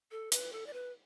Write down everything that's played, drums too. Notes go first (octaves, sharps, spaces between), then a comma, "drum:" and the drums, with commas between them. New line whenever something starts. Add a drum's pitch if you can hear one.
A4
B4, drum: hi-hat
A4
D5
B4